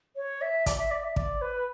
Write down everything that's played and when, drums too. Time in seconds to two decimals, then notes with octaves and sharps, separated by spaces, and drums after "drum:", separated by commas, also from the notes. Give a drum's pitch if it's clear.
0.16 C#5
0.41 E5
0.66 D5, drum: kick, hi-hat
0.79 E5
0.91 D5
1.04 E5
1.16 D5, drum: kick
1.42 B4